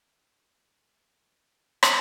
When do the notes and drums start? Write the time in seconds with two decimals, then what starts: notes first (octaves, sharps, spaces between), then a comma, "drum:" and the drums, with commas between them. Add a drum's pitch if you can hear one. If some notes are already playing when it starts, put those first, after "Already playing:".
1.83 G#3 D4 G4 G#4, drum: rim click